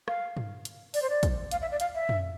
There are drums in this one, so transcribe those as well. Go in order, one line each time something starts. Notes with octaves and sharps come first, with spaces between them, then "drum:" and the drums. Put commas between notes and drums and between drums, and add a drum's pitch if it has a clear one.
F5, drum: rim click
drum: tom
drum: hi-hat
D5, drum: open hi-hat
C5
D5
drum: kick, hi-hat
F5, drum: hi-hat
E5
D5
F5, drum: hi-hat
E5
drum: tom